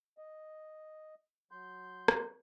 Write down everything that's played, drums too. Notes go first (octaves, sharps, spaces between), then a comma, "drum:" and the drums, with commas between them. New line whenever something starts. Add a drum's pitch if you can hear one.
D#5
F#3 C6 G6
drum: rim click